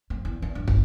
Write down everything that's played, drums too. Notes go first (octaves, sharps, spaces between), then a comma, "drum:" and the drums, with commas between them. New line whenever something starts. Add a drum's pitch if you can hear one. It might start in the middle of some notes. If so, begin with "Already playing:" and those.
F2
E2
E2
G2
G1, drum: kick